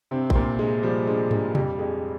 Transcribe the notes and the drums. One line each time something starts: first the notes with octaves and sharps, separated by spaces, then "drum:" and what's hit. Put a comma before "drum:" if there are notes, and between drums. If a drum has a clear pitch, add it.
G2 C3 C4
C4, drum: kick A1
G2 A#2 A#3
G2 G#3
F3 G3
G2 G#3
G2 G#3, drum: tom G#2
F2 G3, drum: tom C3
F2 G#3